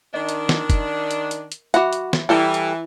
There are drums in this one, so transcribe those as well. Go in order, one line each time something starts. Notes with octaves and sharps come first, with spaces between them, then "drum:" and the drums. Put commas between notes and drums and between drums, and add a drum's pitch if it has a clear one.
D#3 D4 D#5
drum: hi-hat
A#4, drum: snare
drum: kick, hi-hat
drum: hi-hat
drum: hi-hat
drum: hi-hat
F#4 E5 F#5 B5 D6, drum: hi-hat
drum: hi-hat
drum: snare
E3 G3 E4 A4 G5
drum: hi-hat